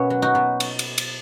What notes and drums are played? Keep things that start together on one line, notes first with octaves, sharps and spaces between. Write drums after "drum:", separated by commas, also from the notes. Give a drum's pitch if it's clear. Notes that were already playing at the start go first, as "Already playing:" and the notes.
Already playing: B2 A#3 B3 C#4
F#3
D#4 F#4
B2
drum: cymbal
drum: cymbal
drum: cymbal